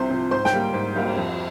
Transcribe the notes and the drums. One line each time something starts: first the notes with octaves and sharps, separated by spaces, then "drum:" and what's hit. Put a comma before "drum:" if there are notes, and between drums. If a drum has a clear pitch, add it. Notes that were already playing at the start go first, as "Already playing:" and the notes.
Already playing: C2 C3 F3 C5 C6
C3 F3
G#2 C5 C6
G5 G6, drum: snare
G3 A#3
G#2
G3 A#3, drum: cymbal
F2